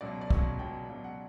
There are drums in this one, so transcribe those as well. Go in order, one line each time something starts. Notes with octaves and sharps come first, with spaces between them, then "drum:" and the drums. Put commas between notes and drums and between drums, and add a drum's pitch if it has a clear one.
C#2 B2 F#3 D5
D5
C#2 B2 F#3 C#5, drum: kick
C#2 B2 F#3 G5
C#2 B2 F#3
F#5